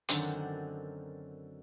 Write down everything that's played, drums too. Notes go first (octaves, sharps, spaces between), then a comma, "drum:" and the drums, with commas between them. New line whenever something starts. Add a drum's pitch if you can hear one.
F#2 D3 D#3 C4 D4 F#5, drum: hi-hat